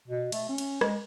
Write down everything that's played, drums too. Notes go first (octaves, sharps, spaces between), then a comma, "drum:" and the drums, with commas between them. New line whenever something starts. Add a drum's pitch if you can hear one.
B2
A3, drum: cymbal
C#4
drum: cymbal
G#3, drum: rim click